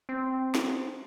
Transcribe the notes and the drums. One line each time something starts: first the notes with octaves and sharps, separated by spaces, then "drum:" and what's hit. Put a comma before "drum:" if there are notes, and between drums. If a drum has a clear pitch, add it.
C4
drum: snare